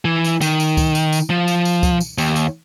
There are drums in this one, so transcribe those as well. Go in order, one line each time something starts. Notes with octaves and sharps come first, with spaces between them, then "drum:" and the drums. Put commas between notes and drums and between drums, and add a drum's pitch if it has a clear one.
E3
drum: tambourine
D#3, drum: tambourine
drum: tambourine
drum: kick, tambourine
drum: tambourine
drum: tambourine
F3
drum: tambourine
drum: tambourine
drum: kick, tambourine
drum: tambourine
D#2, drum: tambourine
drum: tambourine